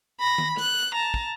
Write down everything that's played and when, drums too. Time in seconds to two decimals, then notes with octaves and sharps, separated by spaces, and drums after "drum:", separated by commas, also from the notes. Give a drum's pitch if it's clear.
0.20 B5 A#6
0.38 drum: tom D#3
0.57 F#6, drum: snare
0.94 A5 A#5
1.14 drum: kick